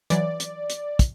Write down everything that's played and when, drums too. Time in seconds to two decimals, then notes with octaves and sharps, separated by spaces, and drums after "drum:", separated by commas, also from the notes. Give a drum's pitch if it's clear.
0.10 E3 F#3 D5, drum: hi-hat
0.40 drum: hi-hat
0.70 drum: hi-hat
0.99 drum: kick, hi-hat